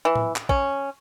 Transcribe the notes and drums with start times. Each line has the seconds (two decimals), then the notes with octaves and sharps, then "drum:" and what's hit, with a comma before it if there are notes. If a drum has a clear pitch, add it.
0.05 E3
0.16 drum: tom A2
0.36 drum: clap
0.49 C#4, drum: kick A#1